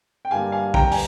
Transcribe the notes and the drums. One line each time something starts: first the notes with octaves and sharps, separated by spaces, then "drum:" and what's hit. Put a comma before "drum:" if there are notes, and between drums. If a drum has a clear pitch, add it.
G5
G1 G2 G3 A#3 F5 G#5
F5 G#5
G5 A#5, drum: kick A#1
G#5, drum: open hi-hat